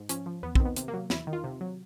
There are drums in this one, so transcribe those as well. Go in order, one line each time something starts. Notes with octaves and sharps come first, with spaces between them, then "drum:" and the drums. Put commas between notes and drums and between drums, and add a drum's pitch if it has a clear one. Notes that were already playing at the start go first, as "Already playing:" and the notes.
Already playing: G#2
F3 C#4, drum: hi-hat
F3
E2 B3
D#3 C4, drum: kick
B3
C3, drum: hi-hat
A#3
F#3
E2 E4, drum: snare
D#3
F4
C3
F#3